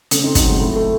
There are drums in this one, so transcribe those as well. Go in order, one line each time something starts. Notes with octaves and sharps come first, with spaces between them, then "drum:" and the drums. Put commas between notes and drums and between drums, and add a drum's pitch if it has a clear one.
C#3 A3 C#4, drum: hi-hat
C4 D#4
F#3 C4 D#4, drum: kick, hi-hat
G#3
A2
A3